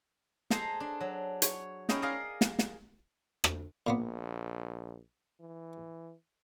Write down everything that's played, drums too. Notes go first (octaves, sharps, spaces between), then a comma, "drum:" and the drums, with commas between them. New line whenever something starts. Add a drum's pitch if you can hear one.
G#4 A4 C5 D#5 A#5, drum: snare
D4
F#3
C#5, drum: hi-hat
C#4 D#4 E4 G#4 D#5 G5, drum: snare
G#4 A#4 D5 D#5 F5 G#5
drum: snare
drum: snare
drum: rim click
A#1 A#2 A#3 B3
E3